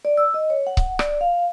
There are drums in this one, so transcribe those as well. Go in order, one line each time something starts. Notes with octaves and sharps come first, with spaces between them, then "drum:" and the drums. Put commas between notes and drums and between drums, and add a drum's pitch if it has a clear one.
D5
E6
D#5
C#5
F#5
drum: kick C#1
D5, drum: rim click
F5